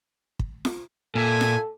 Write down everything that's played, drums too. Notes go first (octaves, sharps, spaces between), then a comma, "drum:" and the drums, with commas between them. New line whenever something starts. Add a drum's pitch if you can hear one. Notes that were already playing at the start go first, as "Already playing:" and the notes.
drum: kick
drum: snare F4
A#2 A4 E5 G#5
drum: snare F4